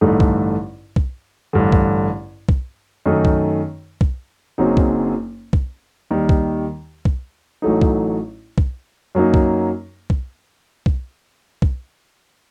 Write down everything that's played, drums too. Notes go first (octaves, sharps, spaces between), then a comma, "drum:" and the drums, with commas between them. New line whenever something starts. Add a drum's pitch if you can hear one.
A1 G2 D3 A3 D#4
drum: kick B1
drum: kick B1
A1 G2 D3
drum: kick B1
drum: kick B1
F#2 D#3 A3 D#4
drum: kick B1
drum: kick B1
F#1 F#2 F#3 C4 D#4
drum: kick B1
drum: kick B1
D#2 D#3 G3
drum: kick B1
drum: kick B1
A1 A2 F#3 A3 D#4
drum: kick B1
drum: kick B1
F#2 F#3 A#3 D#4
drum: kick B1
drum: kick B1
drum: kick B1
drum: kick B1